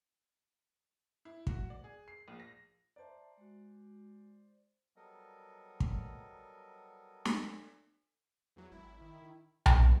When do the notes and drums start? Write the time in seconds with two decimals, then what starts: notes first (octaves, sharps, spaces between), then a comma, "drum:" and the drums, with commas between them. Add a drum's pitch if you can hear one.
1.25 E4
1.47 F#4, drum: kick
1.70 D5
1.84 G#4
2.08 C7
2.28 A#1
2.40 A#6
2.96 C5 D5 E5 A5 A#5
3.38 G#3 F#4
4.96 F#3 G3 B3 A4 A#4 D#5
5.80 drum: kick
7.25 drum: snare
8.56 E2 F#3
8.72 G#1 E4
9.01 D#3
9.22 D#3
9.66 C3, drum: tom B1